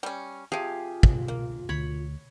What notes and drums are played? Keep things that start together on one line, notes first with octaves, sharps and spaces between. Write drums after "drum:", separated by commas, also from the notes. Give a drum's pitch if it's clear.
G3 C#4
C3 F3 F4 G4 G#4 F5
drum: kick
A#3
D2 C#5 B5